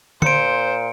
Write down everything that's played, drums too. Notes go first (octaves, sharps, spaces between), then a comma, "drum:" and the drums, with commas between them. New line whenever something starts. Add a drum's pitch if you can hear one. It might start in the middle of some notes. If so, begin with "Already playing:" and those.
A#2 C5 C#7 D7, drum: tom D3